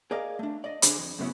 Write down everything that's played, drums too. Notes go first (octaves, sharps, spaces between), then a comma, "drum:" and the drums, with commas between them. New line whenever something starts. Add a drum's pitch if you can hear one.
G#4 A#4 D5 D#5 F5
A3 D4
D5 D#5
D3 D4 G#4 C5 B5, drum: hi-hat
F2
F#2 C#3 A3 B3 C#4 E4